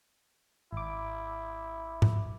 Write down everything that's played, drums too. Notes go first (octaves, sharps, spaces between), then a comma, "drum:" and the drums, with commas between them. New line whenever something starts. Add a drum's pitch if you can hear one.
G#1 E4 D6
drum: tom G#2